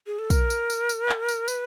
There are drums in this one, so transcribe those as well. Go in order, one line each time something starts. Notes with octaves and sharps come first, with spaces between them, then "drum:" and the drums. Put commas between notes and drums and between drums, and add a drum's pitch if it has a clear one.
G#4
A4
A#4, drum: kick, tambourine
drum: tambourine
drum: tambourine
drum: tambourine
drum: clap
drum: tambourine
B4, drum: tambourine